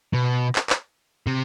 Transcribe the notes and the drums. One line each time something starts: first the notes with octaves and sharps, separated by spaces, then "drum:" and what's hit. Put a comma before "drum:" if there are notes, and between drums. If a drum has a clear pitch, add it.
B2
drum: clap
drum: clap
C3